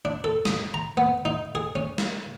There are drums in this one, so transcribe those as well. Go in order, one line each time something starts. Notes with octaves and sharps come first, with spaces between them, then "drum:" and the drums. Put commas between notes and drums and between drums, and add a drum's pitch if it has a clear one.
D4
A4
D#6, drum: snare
A#5
B3
D#4
G#4
C#4
drum: snare